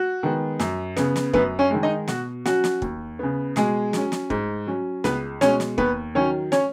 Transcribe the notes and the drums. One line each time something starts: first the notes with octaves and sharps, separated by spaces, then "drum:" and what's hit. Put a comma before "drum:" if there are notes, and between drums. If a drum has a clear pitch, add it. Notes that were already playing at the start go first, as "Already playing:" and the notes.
Already playing: F#4
D#3 G#3 B3
F#2, drum: snare
C#3 B3, drum: snare
drum: snare
F#2 B3 B4, drum: kick
C#4 C#5
D#3 G#3
D#4 D#5
B2 F#4, drum: snare
F#3 C#4 F#4, drum: snare
drum: snare
D#2, drum: kick
C#3 B3
B2 G#3 G#4, drum: snare
F#3 C#4, drum: snare
drum: snare
G#2, drum: kick
F#3 C#4
C#2 B3 B4, drum: snare
B2 G#3 C#4 C#5, drum: snare
drum: snare
D#2 B3 B4, drum: kick
D#3 F#3 C#4 C#5
C#4 C#5, drum: snare